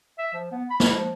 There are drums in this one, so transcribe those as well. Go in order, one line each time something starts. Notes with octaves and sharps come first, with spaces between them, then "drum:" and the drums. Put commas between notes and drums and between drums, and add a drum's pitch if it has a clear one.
E5
F3
B3
B5
drum: snare
F3